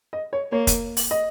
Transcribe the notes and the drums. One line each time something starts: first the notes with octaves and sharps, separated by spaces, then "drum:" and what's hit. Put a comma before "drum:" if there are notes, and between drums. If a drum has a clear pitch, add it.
D#5
C#5
A#3 C#5
drum: kick, hi-hat
drum: open hi-hat
D#5